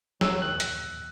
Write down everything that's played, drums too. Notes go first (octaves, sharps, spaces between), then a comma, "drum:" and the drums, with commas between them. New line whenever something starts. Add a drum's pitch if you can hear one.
F#3 E6, drum: snare
F#3
D#3 F#6
drum: hi-hat